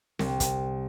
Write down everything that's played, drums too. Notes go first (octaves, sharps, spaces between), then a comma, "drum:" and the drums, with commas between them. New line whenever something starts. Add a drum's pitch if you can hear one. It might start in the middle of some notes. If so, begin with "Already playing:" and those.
C2, drum: snare C4
drum: kick, hi-hat